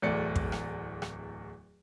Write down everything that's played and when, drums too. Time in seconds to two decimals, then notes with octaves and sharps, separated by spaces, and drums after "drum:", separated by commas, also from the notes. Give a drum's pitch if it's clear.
0.02 D1 E2 A3 D5 C#7
0.36 drum: kick
0.52 drum: rim click
1.02 drum: rim click